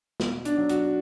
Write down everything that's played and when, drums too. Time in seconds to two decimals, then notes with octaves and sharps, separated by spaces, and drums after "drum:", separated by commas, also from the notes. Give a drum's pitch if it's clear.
0.20 B2, drum: snare
0.45 D4, drum: hi-hat
0.57 F#3
0.69 F#4, drum: hi-hat